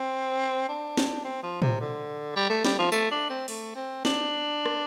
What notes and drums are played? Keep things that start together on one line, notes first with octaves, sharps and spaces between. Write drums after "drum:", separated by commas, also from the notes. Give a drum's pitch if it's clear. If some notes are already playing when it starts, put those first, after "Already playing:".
Already playing: C4
D4
drum: snare
C4
F3
C3, drum: tom A2
D3
G3
A3
G3, drum: snare
F3
A3, drum: tambourine
D4
C4
A3, drum: open hi-hat
C4
D4, drum: snare
drum: rim click